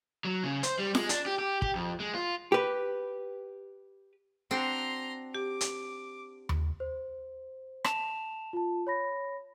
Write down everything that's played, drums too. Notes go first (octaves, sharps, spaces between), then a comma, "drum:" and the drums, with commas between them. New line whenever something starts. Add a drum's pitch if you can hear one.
F#3
C#3
C5, drum: hi-hat
G3
G#3, drum: snare F4
D4, drum: hi-hat
G4
G4
G4, drum: kick
F2
G#3
F4
G4 B4
C4 D4 F#4 A#5 C6
G4 D6
drum: hi-hat
drum: tom D#2
C5
A5 E7 F7, drum: rim click
F4 A5
C#5 B5 A#6